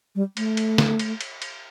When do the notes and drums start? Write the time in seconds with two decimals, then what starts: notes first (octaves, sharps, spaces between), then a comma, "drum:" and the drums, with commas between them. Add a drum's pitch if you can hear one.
0.15 G3
0.37 A3, drum: cymbal
0.57 drum: cymbal
0.78 drum: snare
0.99 drum: cymbal
1.21 drum: cymbal
1.42 drum: cymbal